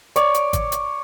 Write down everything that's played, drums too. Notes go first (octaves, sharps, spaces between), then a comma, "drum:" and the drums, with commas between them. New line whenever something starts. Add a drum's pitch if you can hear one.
C#5 D5, drum: hi-hat
drum: hi-hat
drum: kick G#1, hi-hat
drum: hi-hat